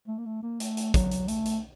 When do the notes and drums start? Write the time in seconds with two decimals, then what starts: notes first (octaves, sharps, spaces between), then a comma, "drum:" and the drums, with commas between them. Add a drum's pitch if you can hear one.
0.08 A3
0.18 A#3
0.26 A3
0.43 A#3
0.60 A3, drum: hi-hat
0.77 drum: hi-hat
0.94 F#3, drum: kick, hi-hat
1.11 drum: hi-hat
1.28 A3, drum: hi-hat
1.46 drum: hi-hat